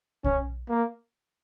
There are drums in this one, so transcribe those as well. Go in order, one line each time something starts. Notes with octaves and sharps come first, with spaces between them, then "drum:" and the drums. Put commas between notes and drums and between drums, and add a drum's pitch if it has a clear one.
C#4, drum: kick
A#3